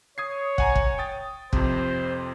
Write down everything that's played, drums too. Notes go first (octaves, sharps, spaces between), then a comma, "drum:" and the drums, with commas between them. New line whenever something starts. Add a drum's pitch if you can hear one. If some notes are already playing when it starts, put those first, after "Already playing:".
C#5 D#6 G#6 C7
F#5 G#5 A#5, drum: kick
drum: kick
G5 D#6 A6
F2 C3 C5, drum: kick